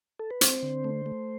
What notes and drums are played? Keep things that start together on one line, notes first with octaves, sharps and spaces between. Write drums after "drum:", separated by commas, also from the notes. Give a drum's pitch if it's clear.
A4
B4
C4 C5, drum: hi-hat
D3
A3
A3